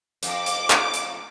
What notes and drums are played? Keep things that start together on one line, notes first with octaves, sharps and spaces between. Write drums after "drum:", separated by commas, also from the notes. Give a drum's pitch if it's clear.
F2 F3 D6, drum: hi-hat
drum: hi-hat
drum: clap
drum: hi-hat